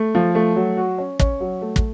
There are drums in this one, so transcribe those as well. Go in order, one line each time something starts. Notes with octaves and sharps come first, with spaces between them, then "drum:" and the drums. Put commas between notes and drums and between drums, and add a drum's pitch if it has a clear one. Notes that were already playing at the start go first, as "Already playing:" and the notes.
Already playing: A3
F3
A3
F#3
F#4
C#4
C#4, drum: kick
F#3
A3
drum: kick